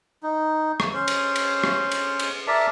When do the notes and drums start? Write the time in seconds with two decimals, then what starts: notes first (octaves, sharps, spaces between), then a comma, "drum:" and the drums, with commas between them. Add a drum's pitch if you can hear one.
0.23 D#4
0.80 drum: rim click
0.93 C#4 C5
1.08 drum: cymbal
1.36 drum: cymbal
1.64 drum: rim click
1.91 drum: cymbal
2.19 drum: cymbal
2.47 A#4 D5 E5 A5